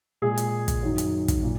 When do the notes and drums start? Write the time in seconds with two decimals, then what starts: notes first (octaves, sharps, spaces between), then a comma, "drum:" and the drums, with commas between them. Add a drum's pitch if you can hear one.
0.22 A#2 G#3 G#4
0.37 drum: hi-hat
0.68 drum: kick, hi-hat
0.83 F#2 D#3 F#3
0.98 drum: hi-hat
1.28 drum: kick, hi-hat
1.43 A#2